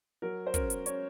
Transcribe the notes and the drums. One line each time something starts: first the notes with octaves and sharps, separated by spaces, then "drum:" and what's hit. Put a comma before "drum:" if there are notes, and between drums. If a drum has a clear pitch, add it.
F#3 A#4
C5
C#4 A#4, drum: kick, hi-hat
drum: hi-hat
C#4 C#5, drum: hi-hat